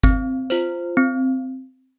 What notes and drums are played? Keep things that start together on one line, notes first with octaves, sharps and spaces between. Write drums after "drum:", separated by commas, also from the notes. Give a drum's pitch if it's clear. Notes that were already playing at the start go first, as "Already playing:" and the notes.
C4, drum: kick G1
F4 C5, drum: hi-hat
C4